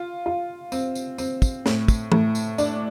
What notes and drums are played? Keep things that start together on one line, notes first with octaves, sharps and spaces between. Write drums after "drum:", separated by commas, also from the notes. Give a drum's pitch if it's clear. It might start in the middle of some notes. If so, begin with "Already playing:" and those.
Already playing: F4
F4
C4, drum: tambourine
drum: tambourine
C4, drum: tambourine
drum: kick, tambourine
A2, drum: snare
drum: kick, tambourine
A2, drum: tom
drum: tambourine
D4, drum: tambourine